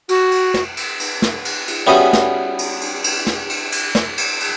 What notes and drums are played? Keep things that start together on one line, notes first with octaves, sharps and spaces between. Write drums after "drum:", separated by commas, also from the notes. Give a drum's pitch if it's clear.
F#4, drum: cymbal
drum: cymbal
drum: snare
drum: cymbal
drum: cymbal
drum: snare
drum: cymbal
drum: cymbal
G3 B3 C#4 E4 F#4 G#4
drum: snare
drum: cymbal
drum: cymbal
drum: cymbal
drum: snare
drum: cymbal
drum: cymbal
drum: snare
drum: cymbal
drum: cymbal